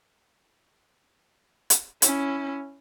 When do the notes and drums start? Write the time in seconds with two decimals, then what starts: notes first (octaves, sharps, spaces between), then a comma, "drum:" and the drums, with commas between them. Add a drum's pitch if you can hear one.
1.70 drum: hi-hat
2.02 C#4 E4, drum: hi-hat